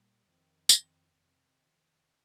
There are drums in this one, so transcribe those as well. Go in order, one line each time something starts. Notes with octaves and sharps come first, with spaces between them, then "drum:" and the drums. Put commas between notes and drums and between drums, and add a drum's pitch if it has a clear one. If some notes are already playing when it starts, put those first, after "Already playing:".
Already playing: A#2 G3 A#3
F2 D#3 C4
drum: tambourine
F2 C3 D#3 C4